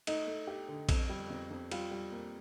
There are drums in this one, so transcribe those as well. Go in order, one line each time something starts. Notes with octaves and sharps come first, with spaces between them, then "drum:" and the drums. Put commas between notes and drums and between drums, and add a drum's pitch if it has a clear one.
A3 D#4, drum: cymbal
A3
G4
D3
F2, drum: kick A#1, cymbal
G3
F2
F2
G3 F4, drum: cymbal
G3
A#3